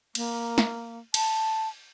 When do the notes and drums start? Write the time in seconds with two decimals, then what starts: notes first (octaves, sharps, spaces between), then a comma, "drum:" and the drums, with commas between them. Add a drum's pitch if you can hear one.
0.15 A#3, drum: cymbal
0.58 drum: snare
1.14 A5, drum: cymbal